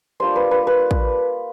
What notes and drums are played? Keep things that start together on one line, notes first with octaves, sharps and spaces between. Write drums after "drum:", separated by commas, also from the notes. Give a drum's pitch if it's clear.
G3 A#3 D4 F4 C5
B4
B4
B4
drum: kick